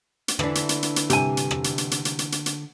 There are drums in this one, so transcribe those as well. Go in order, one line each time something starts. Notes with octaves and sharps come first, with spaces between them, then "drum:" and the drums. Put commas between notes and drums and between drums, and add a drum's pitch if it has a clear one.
drum: hi-hat
D3 E3 D4, drum: rim click
drum: hi-hat
drum: hi-hat
drum: hi-hat
drum: hi-hat
G2 C3 G4 G#5, drum: hi-hat
drum: hi-hat
drum: rim click
drum: hi-hat
drum: hi-hat
drum: hi-hat
drum: hi-hat
drum: hi-hat
drum: hi-hat
drum: hi-hat